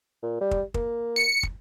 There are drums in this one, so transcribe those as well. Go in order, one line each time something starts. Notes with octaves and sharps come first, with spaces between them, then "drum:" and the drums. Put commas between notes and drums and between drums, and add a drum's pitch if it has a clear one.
A#2
G3
drum: kick
A#3, drum: kick
C#7
drum: kick